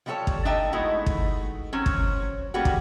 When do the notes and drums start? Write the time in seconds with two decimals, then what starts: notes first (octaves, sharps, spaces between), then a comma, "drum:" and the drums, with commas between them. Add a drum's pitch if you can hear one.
0.06 F3 G3 D#4 F#4 A4 C#5
0.27 drum: kick
0.45 D4 D#4 A4 D#5 E5 G5
0.73 G#3 A3 B3 D#4 E4 F#4
1.06 drum: kick
1.73 F#3 C4 C#4
1.86 drum: kick
2.54 G3 A#3 B3 C#4 F#4 G#4
2.65 drum: kick